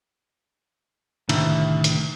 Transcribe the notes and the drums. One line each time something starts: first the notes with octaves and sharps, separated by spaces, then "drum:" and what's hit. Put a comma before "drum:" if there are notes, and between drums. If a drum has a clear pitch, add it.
C2 A2 D3 D#3 E4, drum: cymbal
drum: hi-hat